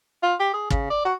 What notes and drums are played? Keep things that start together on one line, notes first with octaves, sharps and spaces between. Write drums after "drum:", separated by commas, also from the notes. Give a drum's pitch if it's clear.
F4
G4
G#4
C#3, drum: kick
D5
F#4